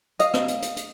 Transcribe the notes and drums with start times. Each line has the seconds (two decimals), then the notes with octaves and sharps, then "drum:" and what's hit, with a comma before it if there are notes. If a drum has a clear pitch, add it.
0.19 D#5 F5, drum: hi-hat
0.34 drum: rim click
0.48 drum: hi-hat
0.62 drum: hi-hat
0.77 drum: hi-hat